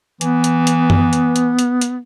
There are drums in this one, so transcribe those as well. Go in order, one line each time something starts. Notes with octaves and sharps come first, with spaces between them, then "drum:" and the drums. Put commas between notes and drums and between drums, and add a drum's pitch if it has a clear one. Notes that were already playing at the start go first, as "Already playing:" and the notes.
E3 B3, drum: hi-hat
drum: hi-hat
drum: hi-hat
drum: tom F#2
drum: hi-hat
drum: hi-hat
drum: hi-hat
drum: hi-hat